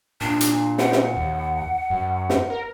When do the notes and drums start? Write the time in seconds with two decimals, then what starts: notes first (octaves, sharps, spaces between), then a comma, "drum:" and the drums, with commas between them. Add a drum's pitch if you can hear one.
0.21 A#2 D4
0.41 drum: hi-hat
0.78 F#5, drum: snare
0.92 drum: snare
1.17 D#2
1.90 F#2
2.29 drum: snare
2.50 A#4